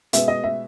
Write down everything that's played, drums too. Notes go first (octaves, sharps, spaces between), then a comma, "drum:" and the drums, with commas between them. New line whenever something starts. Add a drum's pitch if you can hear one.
B2 G#3 B3 E5, drum: hi-hat
D#5
E5